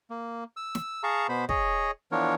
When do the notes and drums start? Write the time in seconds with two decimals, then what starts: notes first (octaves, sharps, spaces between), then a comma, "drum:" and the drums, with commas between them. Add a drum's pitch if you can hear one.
0.10 A#3
0.57 E6
0.75 drum: snare
1.03 G#4 F5 A5 A#5 C#6
1.29 B2 B3 C5 B5
1.49 G#4 C#5 D#5, drum: kick
2.12 E3 F3 B3 D4 A#4 C#5